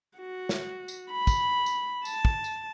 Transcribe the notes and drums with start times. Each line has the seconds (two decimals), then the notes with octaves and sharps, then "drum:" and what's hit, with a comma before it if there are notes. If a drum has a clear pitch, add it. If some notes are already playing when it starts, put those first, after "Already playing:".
0.18 F#4
0.49 drum: snare
0.88 drum: tambourine
1.11 B5
1.27 drum: kick, tambourine
1.66 drum: tambourine
2.05 A5, drum: tambourine
2.25 drum: kick
2.44 drum: tambourine